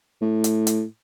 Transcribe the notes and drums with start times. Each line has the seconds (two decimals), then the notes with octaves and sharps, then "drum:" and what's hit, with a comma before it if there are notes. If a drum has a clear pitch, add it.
0.22 A2
0.44 drum: hi-hat
0.67 drum: hi-hat